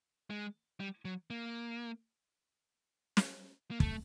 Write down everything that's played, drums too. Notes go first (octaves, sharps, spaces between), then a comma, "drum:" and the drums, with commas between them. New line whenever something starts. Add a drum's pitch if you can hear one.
G#3
G3
F#3
A#3
drum: snare
A#3
A3, drum: kick